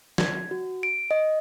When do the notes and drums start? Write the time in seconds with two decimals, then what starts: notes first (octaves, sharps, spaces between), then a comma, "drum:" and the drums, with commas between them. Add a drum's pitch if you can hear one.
0.18 G#6, drum: snare
0.51 F#4
0.83 D7
1.11 D#5